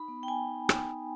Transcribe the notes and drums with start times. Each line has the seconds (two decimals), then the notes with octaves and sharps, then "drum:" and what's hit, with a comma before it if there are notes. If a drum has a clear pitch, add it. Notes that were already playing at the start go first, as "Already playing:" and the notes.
Already playing: D#4 B5
0.08 B3
0.23 G5
0.28 B3 G#5
0.49 D#4
0.69 D#4, drum: rim click
0.89 D#4